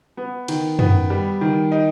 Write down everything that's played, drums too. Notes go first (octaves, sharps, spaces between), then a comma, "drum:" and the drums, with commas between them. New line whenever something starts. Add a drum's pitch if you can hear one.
B3
D#3, drum: cymbal
B3, drum: tom F#2
G3
D#3
D#4